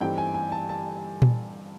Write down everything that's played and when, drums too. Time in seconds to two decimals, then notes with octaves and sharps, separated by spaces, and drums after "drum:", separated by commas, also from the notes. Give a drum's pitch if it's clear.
0.01 G2 E3 A3 C4 D#4 G5
0.18 G#5
0.34 G#5
0.52 A5
0.69 A5
1.22 drum: tom A#2